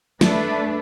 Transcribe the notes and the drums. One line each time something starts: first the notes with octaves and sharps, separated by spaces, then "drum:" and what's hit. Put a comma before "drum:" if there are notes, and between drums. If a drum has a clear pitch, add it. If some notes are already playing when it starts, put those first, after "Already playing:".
A3 D4 B4, drum: snare